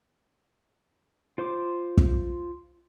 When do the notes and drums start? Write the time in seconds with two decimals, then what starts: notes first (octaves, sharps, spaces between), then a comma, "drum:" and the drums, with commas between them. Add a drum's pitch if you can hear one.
1.38 F4 C5 C6 D6
1.97 drum: kick